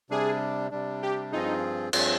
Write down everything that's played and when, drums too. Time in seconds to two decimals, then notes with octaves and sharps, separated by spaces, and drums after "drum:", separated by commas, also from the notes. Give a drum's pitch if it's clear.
0.10 C3 G3 D4 G#4
0.71 C3 G3 D4
1.03 G4
1.32 G2 F3 C4 D#4 F4 G#4
1.93 G2 F3 C4 F4 G#4, drum: cymbal